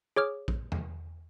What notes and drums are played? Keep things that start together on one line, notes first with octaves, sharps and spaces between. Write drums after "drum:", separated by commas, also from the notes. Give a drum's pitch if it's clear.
G#4 C#5 D6 F6
drum: kick A#1
drum: tom E2